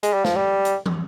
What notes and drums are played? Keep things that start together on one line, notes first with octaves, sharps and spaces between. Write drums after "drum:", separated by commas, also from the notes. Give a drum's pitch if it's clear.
G#3, drum: hi-hat
G3
F3, drum: snare
G3
drum: hi-hat
drum: tom